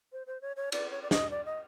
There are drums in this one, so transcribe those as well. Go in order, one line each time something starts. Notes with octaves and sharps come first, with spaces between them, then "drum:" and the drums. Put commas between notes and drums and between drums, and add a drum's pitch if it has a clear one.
C5
C5
C#5
C#5
D5, drum: cymbal
C#5
D5
D#5, drum: snare
D5
D#5